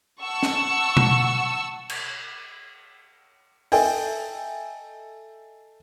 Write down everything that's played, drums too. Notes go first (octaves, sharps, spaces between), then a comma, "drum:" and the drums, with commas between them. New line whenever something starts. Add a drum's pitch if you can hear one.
F#5 A5 C#6 E6
drum: snare
drum: tom B2
drum: cymbal
A4 D#5 E5 G5 G#5, drum: open hi-hat